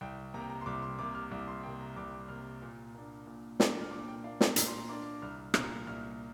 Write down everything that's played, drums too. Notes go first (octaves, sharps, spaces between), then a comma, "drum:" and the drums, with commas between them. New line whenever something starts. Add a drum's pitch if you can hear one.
C2 G5
C3 A#3 A#5
G5
A#5
C6
C2 D6
C6
C3 A#3 D6
F6
C2 D6
C6
C3 A#3 G5
A#5
C2 D6
C3 A#3 F6
A#2
A#3 D4
A#2
A#3 D4, drum: snare
F6
A#2 D6
G5
A#3 D4 F5
G5, drum: snare
A#2 A#5, drum: hi-hat
C6
A#5
A#3 D4 D6
C2 F6
A#2 A#3 F6, drum: rim click
C2 F6